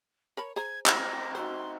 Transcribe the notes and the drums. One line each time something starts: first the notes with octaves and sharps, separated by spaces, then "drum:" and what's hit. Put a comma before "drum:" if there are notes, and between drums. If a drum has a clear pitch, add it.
A#4 C#5 A5 B5
G#4 C5 A#5 G#6
G3 C4 E4 A#5 A#6, drum: clap
D#4 F#4 C5 E5 C6